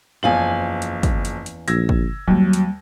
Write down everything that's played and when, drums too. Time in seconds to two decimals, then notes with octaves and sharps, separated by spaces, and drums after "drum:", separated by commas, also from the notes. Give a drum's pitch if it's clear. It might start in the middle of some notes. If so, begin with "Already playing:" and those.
0.23 F#1 E2 F3 F5 G#5 F#7
0.82 drum: hi-hat
1.03 drum: kick, hi-hat
1.25 drum: hi-hat
1.46 drum: hi-hat
1.68 A#1 E6 G#6 A#6, drum: hi-hat
1.89 drum: kick
2.28 D#2 F#3 G3 A#3
2.53 drum: hi-hat